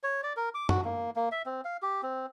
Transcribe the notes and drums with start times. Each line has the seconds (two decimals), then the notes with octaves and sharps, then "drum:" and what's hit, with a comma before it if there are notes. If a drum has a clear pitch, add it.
0.03 C#5
0.23 D5
0.37 A#4
0.54 D6
0.69 F#4, drum: tom F#2
0.85 A#3
1.16 A#3
1.32 E5
1.46 C4
1.65 F5
1.82 G4
2.03 C4